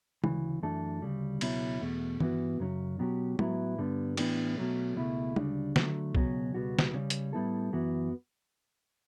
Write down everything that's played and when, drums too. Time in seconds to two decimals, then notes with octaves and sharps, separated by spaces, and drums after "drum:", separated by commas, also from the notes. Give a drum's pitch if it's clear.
0.24 D2 C#3 E3, drum: tom
0.63 F#2 E3 A3 D4 A4
1.02 D2 C#3 G3
1.41 C#2 B2 F#3 C#4 E4, drum: cymbal
1.81 E2 B2 A3
2.20 G2 E3 B3 F#4, drum: tom
2.60 F#2 C#3 F#3 C#4
2.99 B2 F#3 C#4 G4
3.39 A2 F#3 B3 E4, drum: tom
3.78 G2 D3 G3 B3
4.17 A2 E3 B3 D4 G4, drum: cymbal
4.57 B1 B2 F#3 A3 C#4
4.97 C#2 B2 A3 E4
5.36 D2 C#3 G3 D4, drum: tom
5.76 D3 F#3 A3, drum: snare
6.15 C#2 B2 F#3 C#4 F#4, drum: kick B1
6.54 C#2 B2 G3 B3 F#4
6.79 drum: snare
6.94 C#3 G3 C#4
7.10 drum: hi-hat
7.33 A2 G3 B3 E4 A4
7.72 F#2 E3 B3 F#4